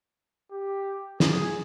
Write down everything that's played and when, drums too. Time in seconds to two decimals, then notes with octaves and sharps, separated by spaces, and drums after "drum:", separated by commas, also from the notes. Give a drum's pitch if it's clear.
0.52 G4
1.20 G#4, drum: snare